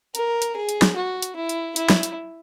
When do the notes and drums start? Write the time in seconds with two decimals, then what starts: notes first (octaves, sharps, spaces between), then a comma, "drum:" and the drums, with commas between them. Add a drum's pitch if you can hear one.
0.15 A#4, drum: hi-hat
0.42 drum: hi-hat
0.56 G#4
0.69 drum: hi-hat
0.82 drum: snare
0.96 F#4
1.22 drum: hi-hat
1.36 E4
1.49 drum: hi-hat
1.76 E4, drum: hi-hat
1.90 drum: snare
2.03 drum: hi-hat